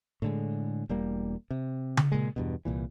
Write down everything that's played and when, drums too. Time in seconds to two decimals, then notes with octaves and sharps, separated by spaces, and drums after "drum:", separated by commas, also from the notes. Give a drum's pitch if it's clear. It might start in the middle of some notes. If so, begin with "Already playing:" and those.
0.22 A2 D3 G#3
0.89 E1 G3 A#3
1.50 C3
1.97 drum: tom C#3
2.12 A#2 G#3
2.36 E2 G2 B2
2.65 C2 A#2 E3